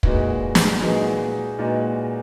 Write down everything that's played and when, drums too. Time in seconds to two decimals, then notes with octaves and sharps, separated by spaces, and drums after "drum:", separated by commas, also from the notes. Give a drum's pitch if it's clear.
0.03 A#2 G#3 D#4 F#4 B4, drum: kick
0.55 drum: snare
0.81 A#2 G#3 D#4 F#4 B4
1.58 A#2 G#3 D#4 F#4 B4